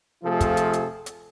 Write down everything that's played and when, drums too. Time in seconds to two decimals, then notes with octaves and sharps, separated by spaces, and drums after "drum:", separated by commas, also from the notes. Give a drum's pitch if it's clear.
0.24 C3 F3 A3 F4 G#4 A4
0.40 drum: kick, hi-hat
0.57 drum: hi-hat
0.73 drum: hi-hat
1.06 drum: hi-hat